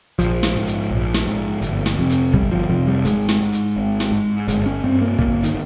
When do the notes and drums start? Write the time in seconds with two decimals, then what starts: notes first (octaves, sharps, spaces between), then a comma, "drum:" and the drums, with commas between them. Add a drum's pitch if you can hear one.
0.19 A#1 F3, drum: hi-hat
0.43 drum: snare
0.55 G#2
0.67 drum: hi-hat
0.91 A#1
1.14 drum: snare
1.26 G#2
1.61 G1, drum: hi-hat
1.86 drum: snare
1.98 F2 C3
2.10 drum: hi-hat
2.33 G1 G3, drum: kick
2.51 F3
2.69 F2 C3 F3
2.87 G3
3.05 G#1 G#3, drum: hi-hat
3.29 drum: snare
3.41 G#2
3.52 drum: hi-hat
3.76 G#1
4.00 drum: snare
4.11 G#2
4.48 G1 G#3, drum: hi-hat
4.66 C#4
4.84 G2 C4
5.01 A#3
5.18 G1 A#3, drum: kick
5.43 D#3, drum: hi-hat